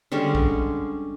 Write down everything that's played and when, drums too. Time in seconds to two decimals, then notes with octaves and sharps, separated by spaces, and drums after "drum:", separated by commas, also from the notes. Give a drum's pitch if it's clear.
0.12 D3 G3 G#3 C#4
0.35 drum: kick B1